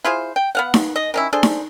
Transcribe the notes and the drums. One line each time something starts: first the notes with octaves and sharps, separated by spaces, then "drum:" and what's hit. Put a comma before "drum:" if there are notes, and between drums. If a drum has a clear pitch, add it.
E4 F4 G#4 C5
G5
B3 F5 F#5
drum: snare D#4
D#5
D#3 C#4 E4
D4 G#4 A4 C5
drum: snare D#4